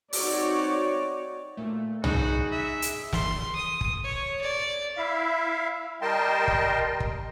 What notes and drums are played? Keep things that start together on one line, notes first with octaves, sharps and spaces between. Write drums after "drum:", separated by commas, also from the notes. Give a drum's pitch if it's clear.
C4 D#4 F#4 C#5 D5, drum: open hi-hat
A#2 A3
D#4 F#4 G#4 B5, drum: tom
E5
drum: hi-hat
C6, drum: snare
D#6
drum: kick
C#5
D5
E4 E5 F5
G3 A#4 D#5 G5 A5 C6
drum: kick
drum: kick